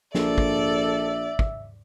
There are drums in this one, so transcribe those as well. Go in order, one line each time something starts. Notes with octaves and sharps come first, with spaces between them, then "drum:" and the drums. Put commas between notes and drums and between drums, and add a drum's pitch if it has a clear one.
A#1 A4 D5 E5, drum: snare
drum: kick
drum: kick